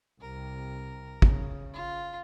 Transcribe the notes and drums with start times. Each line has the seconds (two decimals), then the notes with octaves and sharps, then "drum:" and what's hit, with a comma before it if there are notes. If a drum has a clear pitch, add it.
0.21 C2 C3 A#4
1.22 C#3, drum: kick
1.74 F4